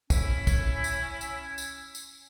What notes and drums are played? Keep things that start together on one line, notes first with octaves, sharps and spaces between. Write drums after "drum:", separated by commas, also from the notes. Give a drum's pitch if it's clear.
C#4 E4, drum: kick, tambourine
drum: kick, tambourine
drum: tambourine
drum: tambourine
drum: tambourine
drum: tambourine